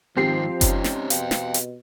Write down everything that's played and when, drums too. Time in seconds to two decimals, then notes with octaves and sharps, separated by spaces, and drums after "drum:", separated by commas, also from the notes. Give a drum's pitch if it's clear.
0.17 G#2 D#3 F3 C4 G4 C7
0.61 C#4 D#4, drum: kick F#1, hi-hat
0.84 drum: snare
1.10 B2 F5 G5, drum: hi-hat
1.31 drum: snare
1.54 drum: hi-hat